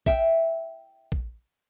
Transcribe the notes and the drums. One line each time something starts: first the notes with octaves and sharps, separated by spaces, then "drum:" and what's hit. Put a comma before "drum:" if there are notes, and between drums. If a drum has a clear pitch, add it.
E5 G5, drum: kick
drum: kick